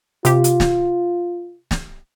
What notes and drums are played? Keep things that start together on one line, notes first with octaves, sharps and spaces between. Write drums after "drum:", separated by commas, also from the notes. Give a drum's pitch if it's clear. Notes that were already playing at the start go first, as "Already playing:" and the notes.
C3 F4 G4, drum: hi-hat
drum: hi-hat
drum: snare
drum: snare